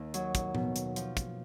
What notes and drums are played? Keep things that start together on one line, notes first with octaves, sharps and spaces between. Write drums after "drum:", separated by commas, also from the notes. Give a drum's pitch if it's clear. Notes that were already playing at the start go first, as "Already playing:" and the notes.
Already playing: D#2 D#3
F#3, drum: hi-hat
drum: kick, hi-hat
B2, drum: tom
drum: hi-hat
F3, drum: hi-hat
drum: kick, hi-hat